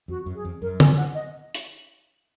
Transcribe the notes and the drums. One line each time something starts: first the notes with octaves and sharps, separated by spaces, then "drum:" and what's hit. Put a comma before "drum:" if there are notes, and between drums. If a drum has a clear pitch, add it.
F2 F#4
F#2
G#4
F2
F#2 A#4
G#5, drum: tom
F#5
D#5
drum: hi-hat